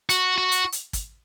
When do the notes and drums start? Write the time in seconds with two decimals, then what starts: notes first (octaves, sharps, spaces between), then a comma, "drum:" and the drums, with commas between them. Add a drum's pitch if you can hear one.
0.09 F#4, drum: hi-hat
0.38 F#4
0.52 drum: hi-hat
0.72 drum: hi-hat
0.93 drum: kick, hi-hat